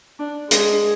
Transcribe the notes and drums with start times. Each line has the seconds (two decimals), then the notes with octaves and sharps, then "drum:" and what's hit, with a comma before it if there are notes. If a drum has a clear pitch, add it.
0.19 D4
0.51 G#3, drum: hi-hat